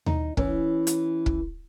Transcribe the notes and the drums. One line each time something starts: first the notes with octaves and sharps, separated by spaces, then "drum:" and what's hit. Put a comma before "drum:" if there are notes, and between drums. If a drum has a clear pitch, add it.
D#4, drum: tom D#2
E3 C#4, drum: kick
drum: hi-hat
drum: kick